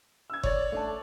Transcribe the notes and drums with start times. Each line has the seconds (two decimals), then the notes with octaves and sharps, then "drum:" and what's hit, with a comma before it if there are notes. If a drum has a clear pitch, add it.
0.30 E6 G#6
0.43 C#5 D5, drum: kick F#1
0.72 A3 D4 A5